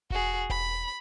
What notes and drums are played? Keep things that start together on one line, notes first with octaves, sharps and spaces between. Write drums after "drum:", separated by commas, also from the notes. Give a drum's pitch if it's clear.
F#4 G#4, drum: kick E1
B5, drum: kick E1